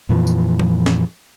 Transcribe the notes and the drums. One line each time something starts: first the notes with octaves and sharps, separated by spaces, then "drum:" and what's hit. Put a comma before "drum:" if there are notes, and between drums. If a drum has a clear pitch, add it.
F2 A#2 E3 F3
drum: tambourine
drum: tom F3
drum: snare